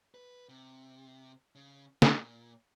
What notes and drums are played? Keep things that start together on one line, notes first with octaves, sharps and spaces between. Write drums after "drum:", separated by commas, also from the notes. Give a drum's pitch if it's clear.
B4
C3
C#3
A#2, drum: snare